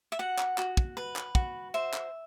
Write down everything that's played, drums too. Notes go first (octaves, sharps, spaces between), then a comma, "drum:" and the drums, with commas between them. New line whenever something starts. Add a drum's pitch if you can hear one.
E5
F#4 F#5
drum: clap
F#4, drum: clap
drum: kick
B4
drum: clap
F#4, drum: kick
C5 E5
drum: clap